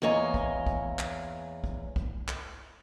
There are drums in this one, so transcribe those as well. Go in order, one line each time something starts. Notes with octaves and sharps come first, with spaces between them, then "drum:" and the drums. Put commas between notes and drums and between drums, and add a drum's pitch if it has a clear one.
E2 A#3 C#5 D#5 G#5
drum: kick
drum: kick
drum: clap
drum: kick
drum: kick
drum: clap